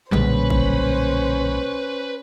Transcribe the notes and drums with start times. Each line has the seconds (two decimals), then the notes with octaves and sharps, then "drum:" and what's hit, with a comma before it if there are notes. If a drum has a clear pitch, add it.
0.12 B1 A#2 D3 G3 G#3 C#4 B4 C5, drum: clap
0.50 drum: kick